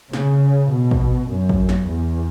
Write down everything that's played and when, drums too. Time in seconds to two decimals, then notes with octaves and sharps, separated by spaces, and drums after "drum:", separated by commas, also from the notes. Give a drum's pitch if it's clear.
0.13 C#3, drum: snare
0.72 B2
0.91 drum: kick
1.30 F#2
1.49 drum: kick
1.69 drum: snare
1.88 E2